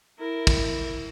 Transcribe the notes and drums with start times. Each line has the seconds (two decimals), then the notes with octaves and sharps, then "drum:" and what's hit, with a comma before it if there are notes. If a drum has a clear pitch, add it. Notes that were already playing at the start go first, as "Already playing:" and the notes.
0.19 E4 A#4
0.47 drum: kick, cymbal